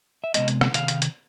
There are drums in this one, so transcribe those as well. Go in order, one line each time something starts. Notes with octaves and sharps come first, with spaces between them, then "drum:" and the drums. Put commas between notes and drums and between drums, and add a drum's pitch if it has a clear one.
E5
C3 D#3 G#3 B3 D#5, drum: hi-hat
drum: hi-hat
drum: rim click
C3 D#3 F5, drum: hi-hat
drum: hi-hat
drum: hi-hat